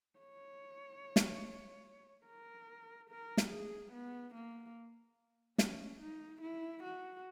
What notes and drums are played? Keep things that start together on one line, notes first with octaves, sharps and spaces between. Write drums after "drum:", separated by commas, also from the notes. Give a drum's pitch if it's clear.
C#5
drum: snare
A#4
A#4
drum: snare
G#4
B3
A#3
C#4, drum: snare
D#4
E4
F#4